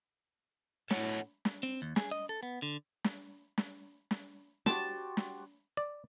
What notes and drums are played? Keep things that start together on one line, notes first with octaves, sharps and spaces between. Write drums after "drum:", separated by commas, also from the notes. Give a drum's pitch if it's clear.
A2 A4 C#5 F#5, drum: snare
drum: snare
C4
D#2
G#4, drum: snare
D#5
A4
B3
D3
drum: snare
drum: snare
drum: snare
F#4 G4 C5 A5, drum: snare
drum: snare
D5